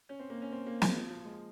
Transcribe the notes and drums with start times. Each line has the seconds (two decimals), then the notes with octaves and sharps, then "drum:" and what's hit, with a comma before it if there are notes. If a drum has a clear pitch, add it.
0.09 C#4
0.19 C4
0.30 A#3
0.42 C#4
0.52 C4
0.66 A#3
0.82 G#3, drum: snare
0.97 F3
1.10 F3
1.25 G#3